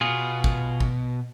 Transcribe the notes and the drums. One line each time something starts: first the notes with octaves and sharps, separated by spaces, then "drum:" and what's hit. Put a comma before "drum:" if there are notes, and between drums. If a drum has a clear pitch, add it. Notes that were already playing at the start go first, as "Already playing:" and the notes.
B2 F4 G#4
drum: kick
drum: kick